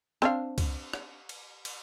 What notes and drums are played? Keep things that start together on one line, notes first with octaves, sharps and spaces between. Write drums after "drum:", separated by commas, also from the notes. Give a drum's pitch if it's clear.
C4 D4 F5, drum: rim click
drum: kick C#2, cymbal
drum: rim click
drum: cymbal
drum: cymbal